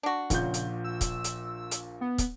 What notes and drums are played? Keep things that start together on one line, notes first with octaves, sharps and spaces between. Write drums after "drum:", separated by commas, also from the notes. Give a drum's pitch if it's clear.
D4 F#4
A#1 A#2 C#3 G6, drum: kick, hi-hat
drum: hi-hat
E6
drum: kick, hi-hat
drum: hi-hat
drum: hi-hat
B3
drum: kick, hi-hat